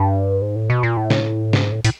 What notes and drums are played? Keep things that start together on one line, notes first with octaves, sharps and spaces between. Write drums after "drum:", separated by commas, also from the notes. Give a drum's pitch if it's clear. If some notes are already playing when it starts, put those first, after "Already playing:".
Already playing: G2
G#2
A2
B2
A#2
A2
drum: snare
G#2, drum: snare
A2
A2, drum: hi-hat